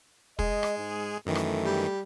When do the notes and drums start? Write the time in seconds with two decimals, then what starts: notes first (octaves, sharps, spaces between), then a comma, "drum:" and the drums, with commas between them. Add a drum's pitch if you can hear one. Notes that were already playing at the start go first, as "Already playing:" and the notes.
0.39 G#3 G#4 D#5, drum: kick
0.63 drum: rim click
0.78 G#2
1.26 F#2 D#3 E3 A3
1.35 drum: rim click
1.65 G3